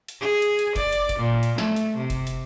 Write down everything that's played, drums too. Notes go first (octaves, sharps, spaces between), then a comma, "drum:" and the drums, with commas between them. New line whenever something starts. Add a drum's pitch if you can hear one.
drum: hi-hat
G#4
drum: hi-hat
drum: hi-hat
D5, drum: kick F#1, hi-hat
drum: hi-hat
drum: kick F#1, hi-hat
A#2
drum: hi-hat
A3, drum: snare
drum: hi-hat
C3
drum: kick F#1, hi-hat
drum: hi-hat